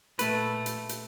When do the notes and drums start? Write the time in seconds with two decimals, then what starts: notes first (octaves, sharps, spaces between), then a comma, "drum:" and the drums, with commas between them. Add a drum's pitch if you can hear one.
0.19 A#2 A3 B4, drum: hi-hat
0.66 drum: hi-hat
0.89 drum: hi-hat